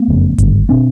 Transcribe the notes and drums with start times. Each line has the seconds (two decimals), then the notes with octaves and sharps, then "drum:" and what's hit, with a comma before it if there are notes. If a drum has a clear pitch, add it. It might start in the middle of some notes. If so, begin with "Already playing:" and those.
Already playing: A3 B3
0.08 F#1 F2 C#3
0.38 G#1 G2 D3, drum: kick F#1, hi-hat
0.69 B2 C4 D4